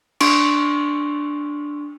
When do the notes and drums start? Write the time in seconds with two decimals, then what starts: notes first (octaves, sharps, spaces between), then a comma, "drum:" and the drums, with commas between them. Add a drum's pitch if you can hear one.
0.20 D4 C6 C#6 D7, drum: cymbal